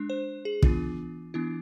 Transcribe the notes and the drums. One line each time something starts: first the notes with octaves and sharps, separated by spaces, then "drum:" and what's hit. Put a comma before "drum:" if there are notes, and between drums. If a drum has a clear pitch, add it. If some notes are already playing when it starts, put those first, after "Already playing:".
Already playing: G#3 D4
C5
G#4
E3 B3 D4 F4, drum: kick
E3 B3 D4 E4